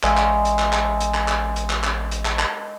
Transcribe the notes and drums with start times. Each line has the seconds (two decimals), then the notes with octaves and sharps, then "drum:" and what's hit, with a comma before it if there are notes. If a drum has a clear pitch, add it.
0.03 A1 G#3 E5 F5, drum: clap
0.17 drum: clap
0.45 drum: hi-hat
0.59 drum: clap
0.73 drum: clap
1.00 drum: hi-hat
1.14 drum: clap
1.28 drum: clap
1.56 drum: hi-hat
1.70 drum: clap
1.84 drum: clap
2.11 drum: hi-hat
2.25 drum: clap
2.39 drum: clap